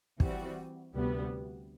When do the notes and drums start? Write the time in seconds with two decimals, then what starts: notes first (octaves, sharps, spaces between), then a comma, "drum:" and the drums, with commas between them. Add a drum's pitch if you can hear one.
0.20 E3 G3 C4 F#4, drum: kick
0.94 D2 C3 G3 B3